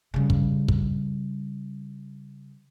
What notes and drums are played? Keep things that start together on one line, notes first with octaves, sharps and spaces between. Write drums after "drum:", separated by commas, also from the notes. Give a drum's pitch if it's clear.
C#3 G3
drum: kick
drum: kick